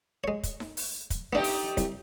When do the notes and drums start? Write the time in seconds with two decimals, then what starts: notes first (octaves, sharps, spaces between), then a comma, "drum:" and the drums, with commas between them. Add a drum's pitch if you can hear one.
0.24 G#3 C#5
0.43 drum: kick, hi-hat
0.60 drum: snare D#4
0.77 drum: open hi-hat
1.10 drum: kick, hi-hat
1.33 A3 B3 D4 D#4 G4
1.44 drum: open hi-hat
1.77 C2, drum: kick, hi-hat